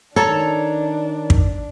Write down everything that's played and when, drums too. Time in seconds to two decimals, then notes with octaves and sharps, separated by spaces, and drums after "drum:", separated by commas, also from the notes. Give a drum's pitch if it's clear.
0.16 D#3 D4 A4 C#5 A5 A#5
1.30 drum: kick